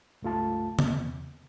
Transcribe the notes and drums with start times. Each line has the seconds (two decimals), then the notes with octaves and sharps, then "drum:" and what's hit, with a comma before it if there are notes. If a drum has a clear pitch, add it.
0.22 C#2 G2 A3 F4 A5
0.79 E2 C3, drum: tom C#3